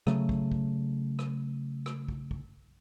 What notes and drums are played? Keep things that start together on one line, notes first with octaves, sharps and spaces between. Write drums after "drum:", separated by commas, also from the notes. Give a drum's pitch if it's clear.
C#3 F#3 A3, drum: rim click
drum: kick
drum: kick
drum: rim click
drum: rim click
drum: kick
drum: kick